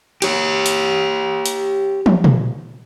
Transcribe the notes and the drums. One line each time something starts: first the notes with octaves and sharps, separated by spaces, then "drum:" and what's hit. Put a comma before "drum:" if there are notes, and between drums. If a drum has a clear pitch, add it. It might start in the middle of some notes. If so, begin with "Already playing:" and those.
G4 C#5, drum: cymbal
drum: hi-hat
drum: hi-hat
drum: tom
drum: tom